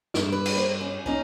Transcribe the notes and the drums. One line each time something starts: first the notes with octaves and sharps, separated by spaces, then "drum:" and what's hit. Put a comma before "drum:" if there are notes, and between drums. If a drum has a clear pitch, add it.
G2 D6 E6, drum: snare
B4
drum: cymbal
A#3 C5
C#4
B1 C#4 D#4